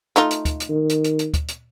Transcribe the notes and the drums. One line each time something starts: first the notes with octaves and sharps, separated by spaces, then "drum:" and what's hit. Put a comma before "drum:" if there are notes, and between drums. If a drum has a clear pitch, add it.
A3 D#4 F4, drum: hi-hat
drum: hi-hat
drum: kick, hi-hat
drum: hi-hat
D#3
drum: hi-hat
drum: hi-hat
drum: hi-hat
drum: kick, hi-hat
drum: hi-hat